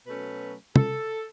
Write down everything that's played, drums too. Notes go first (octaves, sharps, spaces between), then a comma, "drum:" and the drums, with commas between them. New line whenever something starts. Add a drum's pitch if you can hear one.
B2 F#3 A3 C#4 B4
A4, drum: tom